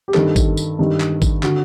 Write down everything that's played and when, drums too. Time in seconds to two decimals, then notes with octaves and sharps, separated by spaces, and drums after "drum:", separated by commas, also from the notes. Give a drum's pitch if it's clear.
0.08 G4
0.14 G2 D#3 A4, drum: clap
0.36 drum: kick, tambourine
0.57 drum: tambourine
0.79 G2 D#3
1.00 drum: clap
1.22 drum: kick, tambourine
1.43 D3 F#4, drum: clap